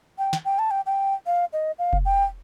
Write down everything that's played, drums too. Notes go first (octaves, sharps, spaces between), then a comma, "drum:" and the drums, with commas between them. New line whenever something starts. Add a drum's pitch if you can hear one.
G5
drum: snare
G5
A5
G5
G5
F5
D#5
F5
drum: kick F1
G5